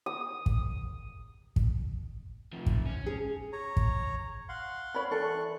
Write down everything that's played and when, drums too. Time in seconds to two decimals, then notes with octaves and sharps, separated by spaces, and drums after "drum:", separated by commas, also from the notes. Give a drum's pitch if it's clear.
0.06 D#6
0.46 drum: kick
1.56 drum: kick
2.53 C3 F3
2.66 drum: kick
2.86 C#4
3.06 G#4
3.53 C#5 A#5
3.77 drum: kick
4.49 F5 F#5 C6
4.94 C#5 B5
5.11 E3 A4 D5 C#6 F#6